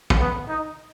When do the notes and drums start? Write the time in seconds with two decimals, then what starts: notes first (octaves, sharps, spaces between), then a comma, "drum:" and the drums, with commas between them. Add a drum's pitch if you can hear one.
0.10 drum: kick
0.20 B3
0.48 D#4